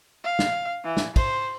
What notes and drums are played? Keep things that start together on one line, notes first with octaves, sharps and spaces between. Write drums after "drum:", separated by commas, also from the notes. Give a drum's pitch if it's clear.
F5
drum: snare
E3
drum: snare
C5, drum: kick, cymbal